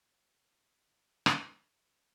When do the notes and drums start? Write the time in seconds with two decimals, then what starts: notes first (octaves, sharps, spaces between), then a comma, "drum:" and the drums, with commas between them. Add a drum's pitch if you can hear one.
0.05 A#3
0.21 F#3
0.35 F3
0.44 F#3
0.51 F3
1.26 drum: rim click
1.86 F#3